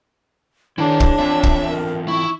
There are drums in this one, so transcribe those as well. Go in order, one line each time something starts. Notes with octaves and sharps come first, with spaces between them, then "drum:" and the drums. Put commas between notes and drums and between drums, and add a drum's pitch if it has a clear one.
D#3 D4 E4 G#4 C#5
drum: kick
E3 C4 F4 E5
drum: kick
A#4
E4 C#6